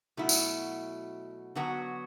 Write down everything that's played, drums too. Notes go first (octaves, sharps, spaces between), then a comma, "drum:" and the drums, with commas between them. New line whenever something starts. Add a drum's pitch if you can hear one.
B2 F#3 A3 E4
drum: tambourine
D3 F#3 B3 F#4